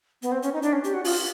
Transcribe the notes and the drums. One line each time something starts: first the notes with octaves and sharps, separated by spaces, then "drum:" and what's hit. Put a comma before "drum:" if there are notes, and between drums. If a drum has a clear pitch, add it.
B3, drum: hi-hat
C4
C#4, drum: hi-hat
D#4
D4, drum: hi-hat
C#4
G4, drum: hi-hat
F#4
F4, drum: open hi-hat